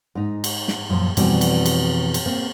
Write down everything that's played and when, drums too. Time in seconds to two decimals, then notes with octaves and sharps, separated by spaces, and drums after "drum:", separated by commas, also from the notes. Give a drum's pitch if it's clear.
0.15 G#2 D#4
0.44 drum: cymbal
0.68 drum: snare
0.89 F#2 A#2 F3
1.17 F2 B2 E3 G3 C4 D4, drum: cymbal
1.41 drum: cymbal
1.66 drum: cymbal
2.14 drum: cymbal
2.26 A#3 C4